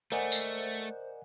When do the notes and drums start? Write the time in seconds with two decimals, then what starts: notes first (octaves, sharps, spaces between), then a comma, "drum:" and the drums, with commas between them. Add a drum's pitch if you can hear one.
0.12 A3 A#4 C5 D5 D#5 F#5 G#5
0.32 drum: tambourine